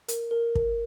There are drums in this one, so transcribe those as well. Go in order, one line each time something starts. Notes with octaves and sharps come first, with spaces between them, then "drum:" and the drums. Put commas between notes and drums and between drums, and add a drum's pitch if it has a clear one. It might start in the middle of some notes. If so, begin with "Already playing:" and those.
A#4, drum: hi-hat
A#4
A#4, drum: kick